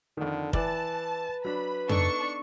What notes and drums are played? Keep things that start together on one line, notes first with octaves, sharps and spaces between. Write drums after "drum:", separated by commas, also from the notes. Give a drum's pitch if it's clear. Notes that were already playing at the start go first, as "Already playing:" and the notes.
F2 D3 D#3
E3 B4 D5 A5, drum: kick
F#3 D4 B5
B3 D4 D#4 A4 C#6, drum: tom F2